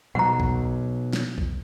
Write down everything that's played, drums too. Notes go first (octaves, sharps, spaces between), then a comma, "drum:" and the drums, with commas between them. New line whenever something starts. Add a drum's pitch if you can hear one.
B2 F#3 F#5 A#5
drum: kick B1
drum: snare
drum: kick B1